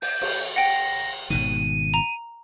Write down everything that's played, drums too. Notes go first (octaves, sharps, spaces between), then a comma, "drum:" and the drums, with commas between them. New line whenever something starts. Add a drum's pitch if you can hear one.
G6, drum: open hi-hat
drum: cymbal
F#5 G5 A#6
G#1 B2 D#3 D#7
A#5